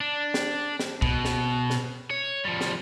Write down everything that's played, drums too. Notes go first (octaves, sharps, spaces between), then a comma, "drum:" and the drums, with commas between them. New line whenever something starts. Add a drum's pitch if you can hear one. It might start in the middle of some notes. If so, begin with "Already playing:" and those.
D4
drum: snare
drum: snare
B2, drum: kick
drum: snare
drum: snare
C#5
F3 G3
drum: snare